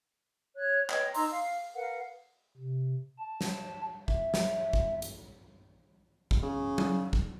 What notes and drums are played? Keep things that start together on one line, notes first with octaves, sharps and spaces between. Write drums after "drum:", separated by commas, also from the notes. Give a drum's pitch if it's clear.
C#5 F#6
B4 C#5 D#5 G5, drum: clap
D#4 A#5 C6 E6, drum: open hi-hat
F5
A#4 B4 F5 F#5
C3
A5
drum: snare
E5, drum: kick
drum: snare
drum: kick
drum: hi-hat
drum: kick
C#3
drum: tom F#3
drum: kick